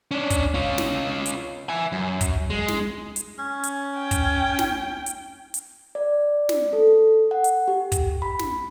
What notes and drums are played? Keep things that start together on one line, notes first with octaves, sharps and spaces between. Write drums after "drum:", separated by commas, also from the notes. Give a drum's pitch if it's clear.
C#4 D4
drum: kick, hi-hat
C#4 F4
drum: snare
drum: hi-hat
E5 G#5
F#2
drum: kick, hi-hat
G#3
drum: snare
drum: hi-hat
C#4
drum: hi-hat
G5
drum: kick, hi-hat
drum: snare
drum: hi-hat
drum: hi-hat
D5
drum: snare
A4
F#5
drum: hi-hat
G4
drum: kick, hi-hat
B5
drum: snare